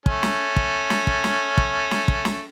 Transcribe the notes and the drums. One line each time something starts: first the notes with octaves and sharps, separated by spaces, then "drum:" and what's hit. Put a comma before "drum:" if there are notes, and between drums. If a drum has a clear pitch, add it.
A3 C#4, drum: kick
drum: snare
drum: kick
drum: snare
drum: kick
drum: snare
drum: kick
drum: snare
drum: kick
drum: snare